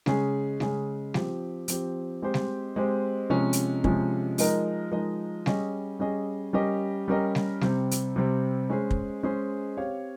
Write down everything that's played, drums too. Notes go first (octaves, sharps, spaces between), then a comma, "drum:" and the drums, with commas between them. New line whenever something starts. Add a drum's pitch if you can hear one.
C#3 G#3 C#4 G#4, drum: snare G3
C#3 G#3 C#4 G#4, drum: snare G3
F3 C4 G4, drum: snare G3
F3 C4 G4, drum: hi-hat
G#3 C4 G4 C5
drum: snare G3
G#3 C4 G4 C5
C3 F3 G#3 C#4
drum: hi-hat
C3 F3 G#3 C#4, drum: kick
F3 G#3 D#4 A#4 D#5, drum: open hi-hat
F3 G#3 D#4 A#4 D#5
G3 C#4 G#4 D#5, drum: snare G3
G3 C#4 G#4 D#5
G3 C#4 G4 A#4 D#5
G3 C#4 G4 A#4 D#5
drum: snare G3
C3 G3 C4, drum: snare G3
drum: hi-hat
C3 G3 C4
G#3 C#4 G#4 C5
drum: kick
G#3 C#4 G#4 C5
C4 G4 C#5 F5